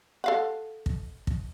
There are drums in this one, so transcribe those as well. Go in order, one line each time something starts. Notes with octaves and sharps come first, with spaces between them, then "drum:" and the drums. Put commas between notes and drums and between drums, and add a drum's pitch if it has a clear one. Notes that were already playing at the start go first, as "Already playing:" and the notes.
A4 F5 F#5
drum: kick
drum: kick